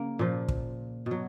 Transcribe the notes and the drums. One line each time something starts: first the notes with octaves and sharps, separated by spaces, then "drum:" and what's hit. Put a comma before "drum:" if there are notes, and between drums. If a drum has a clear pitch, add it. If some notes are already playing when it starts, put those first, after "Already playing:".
Already playing: C#3 A#3
A#2 F3
drum: kick
B2 F#3